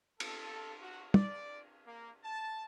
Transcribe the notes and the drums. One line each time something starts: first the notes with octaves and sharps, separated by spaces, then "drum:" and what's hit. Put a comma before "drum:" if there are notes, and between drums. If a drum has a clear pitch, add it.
A4, drum: cymbal
F#4
D5, drum: tom
A#3
A5